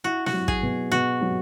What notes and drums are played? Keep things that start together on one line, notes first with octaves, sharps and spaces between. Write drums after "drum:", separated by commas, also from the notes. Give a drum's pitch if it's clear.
E4 F#4
F#4, drum: snare
F#3
G#4, drum: kick
B2
B2 F#4
F#3